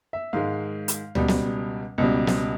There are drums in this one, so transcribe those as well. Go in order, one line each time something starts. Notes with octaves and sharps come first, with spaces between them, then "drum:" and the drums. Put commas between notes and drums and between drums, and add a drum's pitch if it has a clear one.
E5
G#2 D#3 G#3 F5
drum: hi-hat
C#2 B2 G3, drum: tom D2
drum: snare
C#2 B2 G3
drum: snare